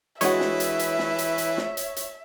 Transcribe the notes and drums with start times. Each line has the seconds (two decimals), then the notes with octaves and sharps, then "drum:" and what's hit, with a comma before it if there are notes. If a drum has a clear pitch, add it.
0.21 E3 G#3 D4 E4 F#4 B4 C#5 E5, drum: hi-hat
0.40 drum: snare
0.60 drum: hi-hat
0.79 drum: hi-hat
0.99 drum: snare
1.18 drum: hi-hat
1.38 drum: hi-hat
1.57 drum: snare
1.77 drum: hi-hat
1.97 drum: hi-hat